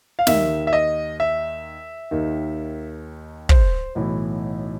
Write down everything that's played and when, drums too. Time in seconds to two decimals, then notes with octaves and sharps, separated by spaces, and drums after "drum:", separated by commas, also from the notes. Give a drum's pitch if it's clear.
0.19 F5
0.27 D#2 D#3 E5, drum: snare
0.67 E5
0.73 D#5
1.20 E5
2.11 D#2 D#3
3.49 C5, drum: kick
3.95 B1 A2 E3